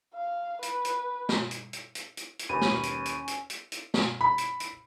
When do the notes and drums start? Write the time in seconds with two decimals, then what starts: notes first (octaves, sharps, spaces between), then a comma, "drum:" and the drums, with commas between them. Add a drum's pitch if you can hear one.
0.15 F5
0.63 B4, drum: hi-hat
0.85 drum: hi-hat
1.29 drum: snare
1.51 drum: hi-hat
1.73 drum: hi-hat
1.95 drum: hi-hat
2.17 drum: hi-hat
2.39 drum: hi-hat
2.49 D#2 C#4 B4 B5 D#7
2.61 drum: snare
2.83 drum: hi-hat
3.05 drum: hi-hat
3.28 drum: hi-hat
3.50 drum: hi-hat
3.72 drum: hi-hat
3.94 drum: snare
4.21 B5
4.38 drum: hi-hat
4.60 drum: hi-hat